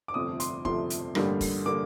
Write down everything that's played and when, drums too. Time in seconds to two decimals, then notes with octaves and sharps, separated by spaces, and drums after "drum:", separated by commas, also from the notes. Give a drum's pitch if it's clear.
0.08 D6
0.14 G1 F2 C3 F3 A3 D#6
0.40 C6, drum: hi-hat
0.65 G1 F2 C3 F3 A3 C6, drum: kick E1
0.90 drum: hi-hat
1.15 A1 G2 D3 G3 A#3, drum: rim click
1.41 drum: kick E1, open hi-hat
1.66 D3 G3 A#3 D6